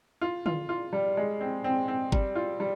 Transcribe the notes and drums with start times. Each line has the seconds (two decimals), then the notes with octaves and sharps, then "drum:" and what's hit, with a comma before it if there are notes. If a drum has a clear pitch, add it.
0.21 F4
0.46 F4, drum: tom D3
0.69 F4
0.93 G3
1.17 G#3
1.41 C4
1.64 C4
1.88 C4
2.12 G3, drum: kick G#1
2.35 F4
2.60 G3